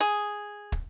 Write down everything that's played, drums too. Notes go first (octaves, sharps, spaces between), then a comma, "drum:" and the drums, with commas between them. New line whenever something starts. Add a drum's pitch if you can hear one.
G#4
drum: kick